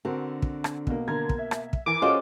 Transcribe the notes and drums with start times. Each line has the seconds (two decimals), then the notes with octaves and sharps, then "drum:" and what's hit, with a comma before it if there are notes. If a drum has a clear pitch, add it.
0.05 D3 C4 F#4 A#4
0.42 drum: kick
0.64 drum: rim click
0.87 B2 A#3, drum: kick
1.08 D3 A#4 A#5 G#6
1.29 drum: kick
1.39 E5
1.51 drum: rim click
1.73 drum: kick
1.86 E3 A#4 G#5 D6
2.02 C#4 F4 F#4 G#4 A4 C5 D#5